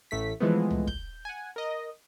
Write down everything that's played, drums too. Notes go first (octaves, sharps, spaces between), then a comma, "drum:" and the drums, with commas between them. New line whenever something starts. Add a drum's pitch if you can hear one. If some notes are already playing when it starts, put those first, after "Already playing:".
A1 A3 B6
E3 F3 G#3 A3 B3
drum: tom C2
G6, drum: kick
F#5 G#5
A#4 D#5